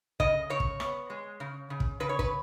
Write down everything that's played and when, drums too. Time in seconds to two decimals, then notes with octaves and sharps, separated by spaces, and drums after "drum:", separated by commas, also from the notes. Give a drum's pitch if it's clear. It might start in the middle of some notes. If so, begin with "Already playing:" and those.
0.20 C#3 D#5, drum: kick
0.50 C#3 C#5
0.60 drum: kick
0.80 B3, drum: rim click
1.10 G#3
1.40 C#3
1.70 C#3
1.80 drum: kick
2.00 C#3 B4
2.09 C#5
2.19 B4, drum: kick